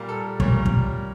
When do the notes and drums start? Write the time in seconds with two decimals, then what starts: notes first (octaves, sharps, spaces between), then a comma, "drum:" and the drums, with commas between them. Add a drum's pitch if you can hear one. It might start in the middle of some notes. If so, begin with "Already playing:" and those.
Already playing: A#2 G3 A#3
0.09 A4
0.40 A#2 G3 A#3 C#5, drum: kick
0.65 drum: kick